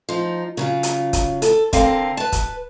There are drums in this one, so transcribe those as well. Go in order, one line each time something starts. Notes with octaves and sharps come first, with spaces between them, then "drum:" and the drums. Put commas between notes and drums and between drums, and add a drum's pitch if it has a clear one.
F3 D#4
C#3 F#3 F4
drum: hi-hat
drum: kick, hi-hat
A4, drum: hi-hat
D3 C4 A4 A#4 F5, drum: kick, hi-hat
B4 A5
drum: kick, hi-hat